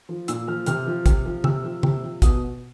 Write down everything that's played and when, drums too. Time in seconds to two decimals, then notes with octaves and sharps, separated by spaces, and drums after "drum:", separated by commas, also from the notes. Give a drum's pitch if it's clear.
0.09 F3
0.28 A#2 E6, drum: hi-hat
0.47 F3 F6
0.66 C3 F6, drum: hi-hat
0.86 F3
1.06 C3, drum: kick, hi-hat
1.25 F3
1.44 C3 E6, drum: tom
1.63 F3
1.83 C3, drum: tom
2.03 F3
2.22 B2 D#6, drum: kick, hi-hat